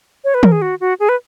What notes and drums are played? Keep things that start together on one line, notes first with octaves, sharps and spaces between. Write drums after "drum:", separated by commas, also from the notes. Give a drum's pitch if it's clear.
C#5
B4
A#4, drum: tom
G#4
F#4
F#4
G#4
B4